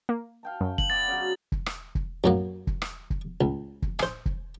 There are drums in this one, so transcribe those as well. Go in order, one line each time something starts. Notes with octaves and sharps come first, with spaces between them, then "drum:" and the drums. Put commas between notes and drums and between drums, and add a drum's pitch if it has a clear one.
A#3
F5 G5 A5
F#2
F#7, drum: kick
B3 D5 D6 A6
C#3 F#3
drum: kick
drum: rim click
drum: kick
F#2 F#3 A#3
drum: kick
drum: rim click
drum: kick
C#2
drum: kick
C5 G#5, drum: rim click
drum: kick